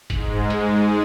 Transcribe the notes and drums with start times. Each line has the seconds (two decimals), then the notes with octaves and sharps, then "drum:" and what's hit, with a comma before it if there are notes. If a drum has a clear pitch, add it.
0.10 G#2 G#3, drum: kick, hi-hat
0.50 drum: hi-hat